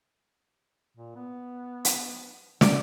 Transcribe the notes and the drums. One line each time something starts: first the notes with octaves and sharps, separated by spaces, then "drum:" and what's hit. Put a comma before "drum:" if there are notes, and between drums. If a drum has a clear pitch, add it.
A#2
B3
drum: hi-hat
D3 D5, drum: snare